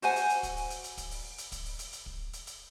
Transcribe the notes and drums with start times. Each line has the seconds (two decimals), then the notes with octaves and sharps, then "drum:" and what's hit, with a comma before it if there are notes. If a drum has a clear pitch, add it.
0.02 F#4 C5 F#5 G#5, drum: open hi-hat
0.16 drum: hi-hat
0.30 drum: hi-hat
0.43 drum: kick, hi-hat
0.57 drum: open hi-hat
0.70 drum: hi-hat
0.84 drum: hi-hat
0.97 drum: kick, hi-hat
1.11 drum: open hi-hat
1.38 drum: hi-hat
1.52 drum: kick, hi-hat
1.65 drum: open hi-hat
1.79 drum: hi-hat
1.93 drum: hi-hat
2.06 drum: kick
2.33 drum: hi-hat
2.47 drum: hi-hat